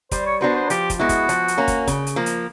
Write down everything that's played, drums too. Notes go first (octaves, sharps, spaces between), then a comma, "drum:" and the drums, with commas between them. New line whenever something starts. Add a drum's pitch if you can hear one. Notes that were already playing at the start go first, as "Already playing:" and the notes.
G3 C5, drum: kick, hi-hat
C#5
B3 D4 F#4 B4 C5
C5
F3 G4, drum: hi-hat
drum: kick, hi-hat
G#3 B3 E4 F#4
drum: kick, hi-hat
F3, drum: hi-hat
drum: hi-hat
A#3 C#4
drum: kick, hi-hat
C#3, drum: kick, hi-hat
drum: hi-hat
F3 A#3
drum: hi-hat